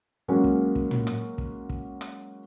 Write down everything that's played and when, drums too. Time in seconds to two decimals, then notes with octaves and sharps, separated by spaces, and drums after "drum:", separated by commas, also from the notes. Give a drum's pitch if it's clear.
0.28 F#3 G#3 A#3 C#4
0.44 drum: kick
0.75 drum: kick
0.91 drum: tom
1.07 drum: rim click
1.38 drum: kick
1.69 drum: kick
2.01 drum: rim click